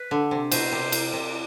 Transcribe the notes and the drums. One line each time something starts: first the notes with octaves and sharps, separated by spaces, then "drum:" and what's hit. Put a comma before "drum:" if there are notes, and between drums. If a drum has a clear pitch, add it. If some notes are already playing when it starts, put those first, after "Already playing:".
Already playing: B4
D3
C3
B2 C5, drum: cymbal
C3
drum: cymbal
C3